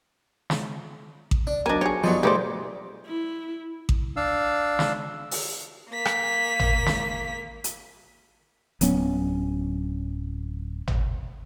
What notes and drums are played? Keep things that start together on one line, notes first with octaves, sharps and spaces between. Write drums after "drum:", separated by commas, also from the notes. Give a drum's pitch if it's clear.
drum: snare
drum: kick A1
D4
B1 A#3 D4 D#5 G#5
G4 G#4 C#5
G2 F3 F#3 B3 D#4
B1 A3 G4 G#4 B4 C5 D5
E4
drum: kick A1
D4 F5 E6
drum: snare
drum: open hi-hat
A#3 B6
drum: rim click
drum: tom G#1
drum: snare
drum: hi-hat
D1 F#3 B3 C#4, drum: hi-hat
drum: tom G#1